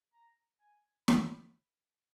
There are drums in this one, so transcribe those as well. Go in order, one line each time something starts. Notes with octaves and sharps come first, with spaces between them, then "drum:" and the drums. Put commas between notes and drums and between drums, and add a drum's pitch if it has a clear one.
A#5
G#5
B5, drum: snare